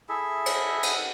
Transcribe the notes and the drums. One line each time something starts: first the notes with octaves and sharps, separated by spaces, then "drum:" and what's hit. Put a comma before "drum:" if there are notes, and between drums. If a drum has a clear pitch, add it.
E4 G#4 A4 E5
drum: cymbal
drum: cymbal